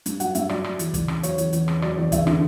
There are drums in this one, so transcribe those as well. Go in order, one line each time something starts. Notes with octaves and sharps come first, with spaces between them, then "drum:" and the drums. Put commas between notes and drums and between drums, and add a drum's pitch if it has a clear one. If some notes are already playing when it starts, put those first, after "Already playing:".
G2, drum: hi-hat
F#3 F#5, drum: hi-hat
G2 E5, drum: hi-hat
F#3 D5, drum: rim click
F#3, drum: rim click
E2, drum: hi-hat
E2, drum: kick, hi-hat
C#3, drum: rim click
F#3 C#5, drum: hi-hat
E2, drum: hi-hat
E2, drum: hi-hat
C#3, drum: rim click
F#3 D5, drum: rim click
E2 D5
E2 E5, drum: kick, hi-hat
D3, drum: rim click